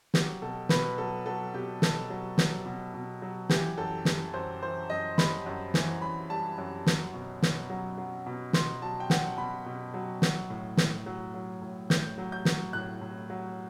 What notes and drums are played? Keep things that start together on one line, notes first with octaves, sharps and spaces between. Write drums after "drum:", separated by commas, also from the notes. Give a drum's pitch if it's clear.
F#3 G4, drum: snare
B2 A4
B2 B4, drum: snare
F#3 A4
F#3 A4
B2 G4
B2 A4, drum: snare
F#3
F#3, drum: snare
B2
B2
F#3
E3 G4, drum: snare
F#2 A4
G3, drum: snare
F#2 C5
E3 C5
F#2 D#5
G3 B5, drum: snare
F#2
E3, drum: snare
F#2 B5
G3 A5
F#2
F#3, drum: snare
B2
B2, drum: snare
F#3
F#3
B2
B2 C6, drum: snare
F#3 A5
G5
F#3 F#5, drum: snare
B2 B5
B2
F#3
F#3, drum: snare
A2
A2, drum: snare
F#3
F#3
A2
A2 G6, drum: snare
F#3
G6
F#3, drum: snare
A2 F#6
A2
F#3